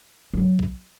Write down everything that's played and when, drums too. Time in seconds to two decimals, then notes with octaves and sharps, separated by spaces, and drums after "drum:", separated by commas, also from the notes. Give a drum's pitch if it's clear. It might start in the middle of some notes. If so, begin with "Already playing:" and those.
0.34 F#3
0.59 drum: kick